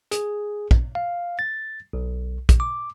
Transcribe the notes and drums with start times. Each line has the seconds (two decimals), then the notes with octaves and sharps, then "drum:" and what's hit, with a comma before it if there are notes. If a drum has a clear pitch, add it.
0.12 G#4, drum: hi-hat
0.71 drum: kick
0.95 F5
1.39 A6
1.93 B1
2.49 drum: kick, hi-hat
2.60 D6